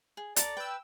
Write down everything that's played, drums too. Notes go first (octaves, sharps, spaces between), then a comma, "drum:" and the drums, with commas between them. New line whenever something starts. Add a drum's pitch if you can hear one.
G#4
A4 D5 A#5 D6, drum: hi-hat
B4 G5 E6